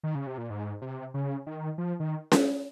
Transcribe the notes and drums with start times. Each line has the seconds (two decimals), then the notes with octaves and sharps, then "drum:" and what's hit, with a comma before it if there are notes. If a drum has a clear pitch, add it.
0.04 D#3
0.15 C#3
0.27 C3
0.38 A#2
0.50 G#2
0.82 C3
1.14 C#3
1.47 D#3
1.78 F3
2.00 D#3
2.32 drum: snare C#4